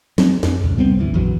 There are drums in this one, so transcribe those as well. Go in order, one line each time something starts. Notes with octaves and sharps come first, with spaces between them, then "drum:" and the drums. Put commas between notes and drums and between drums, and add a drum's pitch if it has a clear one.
F#3 C4, drum: snare
F2, drum: snare
C#2, drum: tom A2
C3 G3 B3 C4
G1 D2 E3
A#1 F2 E3 F#3